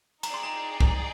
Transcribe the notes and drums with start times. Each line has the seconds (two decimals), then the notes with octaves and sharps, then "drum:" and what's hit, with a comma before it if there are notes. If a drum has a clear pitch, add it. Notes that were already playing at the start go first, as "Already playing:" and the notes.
0.23 D#4 G#4 D5 G5 A#5, drum: cymbal
0.34 C6
0.43 A#5
0.80 drum: kick